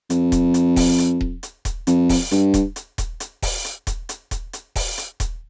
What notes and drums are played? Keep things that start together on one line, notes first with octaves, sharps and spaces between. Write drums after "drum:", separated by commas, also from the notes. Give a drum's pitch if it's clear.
F2, drum: hi-hat
drum: kick D#1, hi-hat
drum: hi-hat
drum: kick D#1, open hi-hat
drum: hi-hat
drum: kick D#1
drum: hi-hat
drum: kick D#1, hi-hat
F2, drum: hi-hat
drum: kick D#1, open hi-hat
G2, drum: hi-hat
drum: kick D#1, hi-hat
drum: hi-hat
drum: kick D#1, hi-hat
drum: hi-hat
drum: kick D#1, open hi-hat
drum: hi-hat
drum: kick D#1, hi-hat
drum: hi-hat
drum: kick D#1, hi-hat
drum: hi-hat
drum: kick D#1, open hi-hat
drum: hi-hat
drum: kick D#1, hi-hat